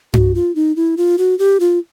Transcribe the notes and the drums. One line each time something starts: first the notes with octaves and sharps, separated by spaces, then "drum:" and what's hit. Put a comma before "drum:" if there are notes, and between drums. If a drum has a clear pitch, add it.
F#4, drum: tom G2
F4
D#4
E4
F4
F#4
G4
F4